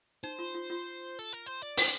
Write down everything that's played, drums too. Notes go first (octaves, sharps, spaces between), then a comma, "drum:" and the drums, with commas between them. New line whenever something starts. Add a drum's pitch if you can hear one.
D#4 C5
F4
F4
F4
A4
A#4
C5
D5
C5, drum: open hi-hat